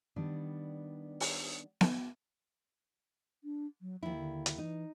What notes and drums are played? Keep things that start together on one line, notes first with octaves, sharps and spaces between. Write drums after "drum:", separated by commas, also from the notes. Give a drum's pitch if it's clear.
D#3 G3 B3 D4
drum: open hi-hat
drum: snare B3
D4
F#3
D#2 F3 E4
D3
drum: hi-hat
E3 D#4